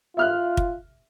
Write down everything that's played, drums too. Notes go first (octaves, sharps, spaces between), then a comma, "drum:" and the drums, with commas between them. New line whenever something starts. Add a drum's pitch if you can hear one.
F4 E5 F6 F#6
drum: kick